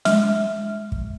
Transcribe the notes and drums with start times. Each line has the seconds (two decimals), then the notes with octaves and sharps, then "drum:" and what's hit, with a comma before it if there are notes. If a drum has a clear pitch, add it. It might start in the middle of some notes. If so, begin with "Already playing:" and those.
0.05 G#3, drum: snare
0.92 drum: kick